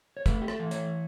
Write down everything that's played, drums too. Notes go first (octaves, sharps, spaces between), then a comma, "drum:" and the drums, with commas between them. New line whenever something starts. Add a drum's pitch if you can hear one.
C#5
A3 B4, drum: kick, hi-hat
G4
A4, drum: rim click
E3
C#5, drum: hi-hat